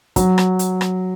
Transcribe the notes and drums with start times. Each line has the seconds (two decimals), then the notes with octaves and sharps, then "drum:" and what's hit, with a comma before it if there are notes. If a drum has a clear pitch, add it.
0.16 F#3, drum: kick, hi-hat
0.38 drum: rim click
0.59 drum: hi-hat
0.81 drum: rim click